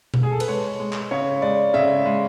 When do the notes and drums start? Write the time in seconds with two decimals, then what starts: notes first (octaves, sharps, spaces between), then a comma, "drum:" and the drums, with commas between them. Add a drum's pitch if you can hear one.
0.14 drum: tom B2
0.23 G#4
0.31 A4
0.40 B4, drum: cymbal
0.48 G#3 C#5
0.79 G#3
0.93 drum: clap
1.11 C#3 C#5
1.42 G#3 D5
1.74 C#3 E5
2.05 G#3